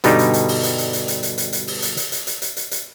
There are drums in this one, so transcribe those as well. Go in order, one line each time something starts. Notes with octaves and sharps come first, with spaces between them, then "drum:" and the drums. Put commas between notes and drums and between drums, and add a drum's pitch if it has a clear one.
G2 B2 D3 G3 D#4, drum: hi-hat
drum: hi-hat
drum: hi-hat
drum: open hi-hat
drum: hi-hat
drum: hi-hat
drum: hi-hat
drum: hi-hat
drum: hi-hat
drum: hi-hat
drum: hi-hat
drum: open hi-hat
drum: hi-hat
drum: hi-hat
drum: hi-hat
drum: hi-hat
drum: hi-hat
drum: hi-hat
drum: hi-hat